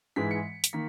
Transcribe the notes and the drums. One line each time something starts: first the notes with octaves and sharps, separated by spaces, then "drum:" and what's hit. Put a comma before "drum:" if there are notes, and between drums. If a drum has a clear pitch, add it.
G#2 E3 G#3 B6
C#7
drum: hi-hat
D#3 A#3 B6